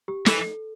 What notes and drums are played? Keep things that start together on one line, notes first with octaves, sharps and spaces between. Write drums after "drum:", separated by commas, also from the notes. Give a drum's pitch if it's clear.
G4
E3 A4, drum: snare